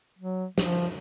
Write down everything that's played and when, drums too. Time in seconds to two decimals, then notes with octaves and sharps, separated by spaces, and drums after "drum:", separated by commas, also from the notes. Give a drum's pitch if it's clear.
0.19 F#3
0.58 F3, drum: snare